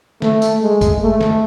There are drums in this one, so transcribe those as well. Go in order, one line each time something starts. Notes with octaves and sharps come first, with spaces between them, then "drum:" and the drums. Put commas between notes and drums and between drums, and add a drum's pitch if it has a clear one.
A3, drum: snare
drum: tambourine
G#3
drum: kick G1, tambourine
A3
drum: snare